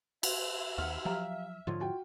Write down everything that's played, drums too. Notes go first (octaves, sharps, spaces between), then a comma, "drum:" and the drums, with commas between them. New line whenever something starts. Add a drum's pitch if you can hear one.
E5, drum: cymbal
D#2 D#4 F#5 F6
F3 F#3 G4 F5 A#5
G#2 D3 F3 F4 C#5
F#4 G5